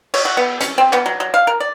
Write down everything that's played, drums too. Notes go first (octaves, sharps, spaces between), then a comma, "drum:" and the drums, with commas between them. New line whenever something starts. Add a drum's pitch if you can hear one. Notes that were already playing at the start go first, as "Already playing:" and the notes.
C#5, drum: cymbal
F#4
B3
C#4, drum: hi-hat
C4
B3, drum: clap
F#3
F#3
F5
A#4
D5